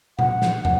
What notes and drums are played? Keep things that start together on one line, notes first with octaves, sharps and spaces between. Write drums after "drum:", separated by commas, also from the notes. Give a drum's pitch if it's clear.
F#5, drum: tom A#2
drum: snare
drum: tom